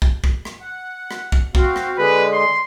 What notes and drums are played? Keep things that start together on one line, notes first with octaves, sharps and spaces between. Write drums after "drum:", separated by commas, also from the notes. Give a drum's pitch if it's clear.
drum: kick
drum: kick
drum: rim click
F#5
drum: rim click
drum: kick
C4 F#4 F5, drum: kick
drum: rim click
D3 G#3 B4
C6